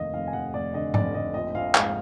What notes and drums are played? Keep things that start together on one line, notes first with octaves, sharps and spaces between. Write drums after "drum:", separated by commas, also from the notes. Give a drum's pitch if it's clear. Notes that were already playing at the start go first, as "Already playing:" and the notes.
Already playing: F1 D#2 D#5 F5
F1 F5
G#5
F1 F#5
F1 D5
D3 D#5
F1 D5, drum: tom G#2
F1 D#5
A#1 D#5
A#1 F5
G#2 F5, drum: clap